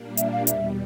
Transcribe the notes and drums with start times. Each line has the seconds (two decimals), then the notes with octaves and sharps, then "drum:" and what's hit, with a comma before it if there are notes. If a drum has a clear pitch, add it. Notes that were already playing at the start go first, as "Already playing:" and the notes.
Already playing: A#2 G3 A#3 D4
0.17 E5, drum: hi-hat
0.33 F5
0.47 E2 B2 G3 E5, drum: hi-hat